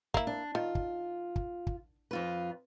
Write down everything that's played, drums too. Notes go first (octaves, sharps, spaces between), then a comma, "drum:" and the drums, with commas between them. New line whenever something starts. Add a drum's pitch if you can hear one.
A#3 E4, drum: kick
D4
D#3 F4
drum: kick
drum: kick
drum: kick
F2 F4 B4